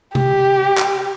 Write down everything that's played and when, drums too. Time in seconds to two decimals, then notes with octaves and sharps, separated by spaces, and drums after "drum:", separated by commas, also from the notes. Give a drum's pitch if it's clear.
0.15 G4, drum: tom C3
0.77 drum: clap